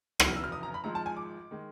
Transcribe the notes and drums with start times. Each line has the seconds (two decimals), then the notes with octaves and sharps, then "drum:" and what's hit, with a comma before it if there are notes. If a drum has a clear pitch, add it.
0.20 F1 E2 C#3 F#3 E6, drum: rim click
0.28 F6
0.36 E6
0.44 F6
0.52 D#6
0.63 A#5
0.74 B5
0.84 G#1 G#2 F3 G#3 A#5
0.95 A5
1.06 G#5
1.17 D6
1.51 D#3 G#3